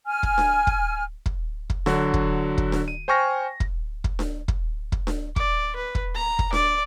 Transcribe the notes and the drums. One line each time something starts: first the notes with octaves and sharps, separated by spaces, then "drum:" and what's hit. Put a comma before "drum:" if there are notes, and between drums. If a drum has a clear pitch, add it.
G#5 F6
drum: kick
drum: snare D4
drum: kick
drum: kick
drum: kick
D3 F#3 F#4, drum: snare D4
drum: kick
drum: kick
drum: snare D4
D#7
C5 G5 G#5 C#6 F6 A#6
drum: kick
drum: kick
drum: snare D4
drum: kick
drum: kick
drum: snare D4
D5, drum: kick
B4
drum: kick
A#5
drum: kick
D5, drum: snare D4